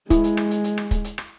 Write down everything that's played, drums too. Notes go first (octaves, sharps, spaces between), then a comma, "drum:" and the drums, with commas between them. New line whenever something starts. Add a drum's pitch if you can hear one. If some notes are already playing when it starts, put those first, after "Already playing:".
G#3 E4, drum: kick, hi-hat
drum: hi-hat
drum: rim click
drum: hi-hat
drum: hi-hat
drum: rim click
drum: kick, hi-hat
drum: hi-hat
drum: rim click